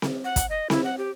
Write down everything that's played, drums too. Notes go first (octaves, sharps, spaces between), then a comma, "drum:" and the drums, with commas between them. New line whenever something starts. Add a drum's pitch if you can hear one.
drum: snare C4
F#5
drum: kick, hi-hat
D#5
E4, drum: snare C4
F#5
G4